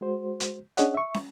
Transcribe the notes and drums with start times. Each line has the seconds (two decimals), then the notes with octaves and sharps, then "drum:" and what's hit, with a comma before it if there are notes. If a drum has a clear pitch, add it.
0.01 G#3 F#4 C5
0.40 drum: hi-hat
0.77 C#4 D4 G#4 C#5 D#5 F#5, drum: hi-hat
0.94 E5 C#6
1.14 drum: snare